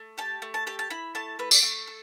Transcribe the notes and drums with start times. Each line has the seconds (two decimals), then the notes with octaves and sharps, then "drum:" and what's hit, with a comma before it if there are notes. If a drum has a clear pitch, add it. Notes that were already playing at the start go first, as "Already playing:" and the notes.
Already playing: A3
0.18 G4 A5
0.42 A3
0.54 A5
0.67 G4 A5
0.79 A5
0.90 E4 B5
1.15 A3 A5
1.39 A3 B4
1.51 D5, drum: tambourine
1.63 A3
1.87 A4